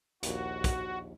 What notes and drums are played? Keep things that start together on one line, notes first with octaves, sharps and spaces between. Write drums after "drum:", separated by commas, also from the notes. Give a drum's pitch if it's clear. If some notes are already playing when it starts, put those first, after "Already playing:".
A#1 D#2 F#4, drum: hi-hat
drum: kick, hi-hat